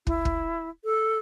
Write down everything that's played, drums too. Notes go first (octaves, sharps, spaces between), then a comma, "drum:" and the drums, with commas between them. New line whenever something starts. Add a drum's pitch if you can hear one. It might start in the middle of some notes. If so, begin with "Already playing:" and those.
E4, drum: kick
drum: kick
A4